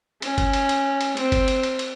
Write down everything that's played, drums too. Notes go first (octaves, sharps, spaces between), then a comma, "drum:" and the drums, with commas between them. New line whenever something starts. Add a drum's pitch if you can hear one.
C#4, drum: cymbal
drum: kick G1, cymbal
drum: cymbal
drum: cymbal
drum: cymbal
C4, drum: cymbal
drum: kick G1, cymbal
drum: cymbal
drum: cymbal
drum: cymbal